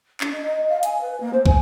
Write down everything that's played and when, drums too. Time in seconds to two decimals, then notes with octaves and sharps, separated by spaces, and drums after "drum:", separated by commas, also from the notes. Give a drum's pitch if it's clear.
0.21 D4, drum: clap
0.33 D#5
0.46 D#5
0.69 F5
0.83 G#5, drum: hi-hat
1.01 B4
1.21 A#3
1.33 C5
1.46 G#5, drum: kick